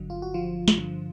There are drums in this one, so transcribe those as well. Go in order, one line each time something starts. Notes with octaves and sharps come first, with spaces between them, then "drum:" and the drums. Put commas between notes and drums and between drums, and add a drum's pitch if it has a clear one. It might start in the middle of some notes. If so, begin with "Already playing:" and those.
Already playing: G1 G2 D3 F#3
F4
F#4
F3 F4
drum: snare
G2 D3 F3